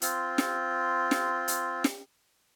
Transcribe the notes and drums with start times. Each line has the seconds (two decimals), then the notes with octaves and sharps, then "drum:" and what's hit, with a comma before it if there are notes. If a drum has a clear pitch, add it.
0.02 C4 F4, drum: hi-hat
0.38 drum: snare
1.11 drum: snare
1.48 drum: hi-hat
1.84 drum: snare